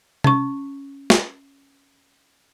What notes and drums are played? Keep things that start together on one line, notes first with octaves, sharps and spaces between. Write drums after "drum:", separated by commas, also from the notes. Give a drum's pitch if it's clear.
C#4 C#6, drum: tom C3
drum: snare